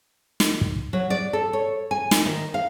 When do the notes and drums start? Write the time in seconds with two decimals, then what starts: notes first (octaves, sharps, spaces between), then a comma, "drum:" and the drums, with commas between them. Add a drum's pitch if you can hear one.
0.40 drum: snare
0.61 drum: kick
0.93 F#3
1.10 D5
1.33 A4
1.53 C#5
1.91 G#5
2.11 drum: snare
2.26 D#3
2.54 F5